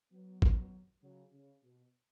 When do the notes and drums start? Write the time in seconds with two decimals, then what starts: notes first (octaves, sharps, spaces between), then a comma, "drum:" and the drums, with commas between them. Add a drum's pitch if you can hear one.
0.12 F#3 B3
0.42 drum: kick
1.03 C#3 F#3
1.33 C#3
1.63 B2